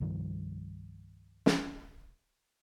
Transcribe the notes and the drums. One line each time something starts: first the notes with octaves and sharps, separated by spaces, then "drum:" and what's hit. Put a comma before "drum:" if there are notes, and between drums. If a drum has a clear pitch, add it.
C2 G2 D#3 F3
drum: snare